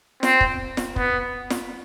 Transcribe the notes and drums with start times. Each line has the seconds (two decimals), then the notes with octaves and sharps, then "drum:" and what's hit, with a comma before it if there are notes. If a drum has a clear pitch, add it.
0.23 C4, drum: snare
0.41 drum: kick
0.77 drum: snare
0.96 B3, drum: kick
1.50 drum: snare